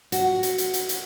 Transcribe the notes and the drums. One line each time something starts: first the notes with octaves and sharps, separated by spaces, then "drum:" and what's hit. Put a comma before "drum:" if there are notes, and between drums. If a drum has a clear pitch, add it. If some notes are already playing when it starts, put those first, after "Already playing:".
F#4, drum: hi-hat
drum: hi-hat
drum: hi-hat
drum: hi-hat
drum: hi-hat